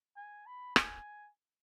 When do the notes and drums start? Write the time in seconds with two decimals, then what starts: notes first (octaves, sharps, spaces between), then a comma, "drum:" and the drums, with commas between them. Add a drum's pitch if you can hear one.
0.17 G#5
0.46 B5
0.76 G#5, drum: rim click